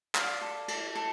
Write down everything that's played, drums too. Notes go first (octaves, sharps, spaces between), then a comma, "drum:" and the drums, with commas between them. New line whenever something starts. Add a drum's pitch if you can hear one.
D5 F5, drum: clap
A4
A4, drum: cymbal
A4